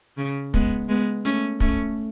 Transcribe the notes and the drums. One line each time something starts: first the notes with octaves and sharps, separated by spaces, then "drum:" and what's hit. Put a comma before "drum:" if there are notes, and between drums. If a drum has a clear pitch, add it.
C#3
G#3 B3, drum: kick
G#3 B3
A3 C#4, drum: hi-hat
A3 C#4, drum: kick